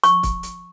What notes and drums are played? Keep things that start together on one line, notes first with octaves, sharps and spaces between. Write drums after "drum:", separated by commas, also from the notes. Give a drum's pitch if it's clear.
C#6, drum: hi-hat
drum: kick, hi-hat
drum: hi-hat